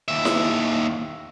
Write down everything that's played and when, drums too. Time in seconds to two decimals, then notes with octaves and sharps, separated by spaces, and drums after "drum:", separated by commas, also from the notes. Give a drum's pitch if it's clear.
0.08 D#2 E5
0.25 drum: snare E4